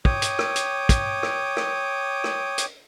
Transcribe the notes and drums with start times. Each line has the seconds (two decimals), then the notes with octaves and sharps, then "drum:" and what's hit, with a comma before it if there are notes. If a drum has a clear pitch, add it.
0.05 C#5 G5 D6 D#6, drum: kick
0.22 drum: hi-hat
0.39 drum: rim click
0.56 drum: hi-hat
0.89 drum: kick, hi-hat
1.23 drum: rim click
1.57 drum: rim click
2.24 drum: rim click
2.58 drum: hi-hat